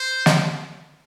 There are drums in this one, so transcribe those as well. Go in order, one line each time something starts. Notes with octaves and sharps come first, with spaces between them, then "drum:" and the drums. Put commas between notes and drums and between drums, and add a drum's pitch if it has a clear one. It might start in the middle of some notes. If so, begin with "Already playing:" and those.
Already playing: C5
drum: snare